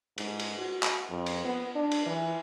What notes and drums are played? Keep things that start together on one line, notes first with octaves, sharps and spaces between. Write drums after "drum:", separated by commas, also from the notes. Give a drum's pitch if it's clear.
G#2, drum: cymbal
drum: cymbal
F#4
drum: clap
F2
drum: cymbal
B3
D4
drum: cymbal
E3